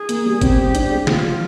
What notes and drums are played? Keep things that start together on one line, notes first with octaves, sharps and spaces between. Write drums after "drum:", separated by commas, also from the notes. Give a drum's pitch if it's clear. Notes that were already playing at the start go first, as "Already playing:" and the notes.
Already playing: G#4
A#3, drum: hi-hat
G3
C4 G4, drum: kick, hi-hat
G3
D4, drum: hi-hat
G#3
G#3 F4, drum: snare
F3